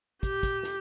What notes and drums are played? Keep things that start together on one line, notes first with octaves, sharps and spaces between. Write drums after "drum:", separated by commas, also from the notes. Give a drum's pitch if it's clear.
G4, drum: kick, hi-hat
drum: kick, hi-hat
drum: snare